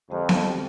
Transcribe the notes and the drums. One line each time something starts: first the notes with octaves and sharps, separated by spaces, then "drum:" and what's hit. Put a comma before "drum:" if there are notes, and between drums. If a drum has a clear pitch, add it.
F2 D3 G#3 C4 G4
drum: snare B3
D3 G#3 C4 G4